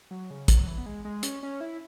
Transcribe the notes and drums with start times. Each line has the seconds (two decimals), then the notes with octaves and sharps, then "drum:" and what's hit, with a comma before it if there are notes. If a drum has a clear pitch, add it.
0.11 F#3
0.30 C#3
0.48 F#3, drum: kick, hi-hat
0.63 F#3
0.67 E3
0.78 B3
0.86 G#3
1.05 G#3
1.23 C#4, drum: hi-hat
1.43 C#4
1.61 E4